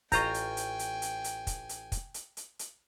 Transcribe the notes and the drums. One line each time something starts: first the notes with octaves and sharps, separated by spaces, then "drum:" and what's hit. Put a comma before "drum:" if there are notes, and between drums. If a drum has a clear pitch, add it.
A1 F4 D#5 G5 G#5 A#5 C#6 G6, drum: kick, hi-hat
drum: hi-hat
drum: hi-hat
drum: hi-hat
drum: hi-hat
drum: hi-hat
drum: kick, hi-hat
drum: hi-hat
drum: kick, hi-hat
drum: hi-hat
drum: hi-hat
drum: hi-hat